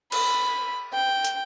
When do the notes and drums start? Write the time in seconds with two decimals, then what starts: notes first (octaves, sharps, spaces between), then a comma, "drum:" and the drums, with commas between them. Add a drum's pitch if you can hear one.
0.12 B5, drum: cymbal
0.93 G5
1.24 drum: hi-hat